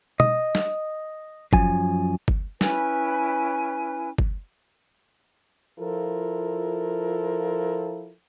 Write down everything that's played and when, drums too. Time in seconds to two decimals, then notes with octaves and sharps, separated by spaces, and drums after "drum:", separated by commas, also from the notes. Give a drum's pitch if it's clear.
0.20 D#5, drum: tom B2
0.55 drum: snare
1.53 F#2 F3 G#5, drum: kick G1
2.28 drum: kick G1
2.61 C#4 E4 B4 G#5, drum: snare
4.18 drum: kick G1
5.79 F3 E4 F4 A4 A#4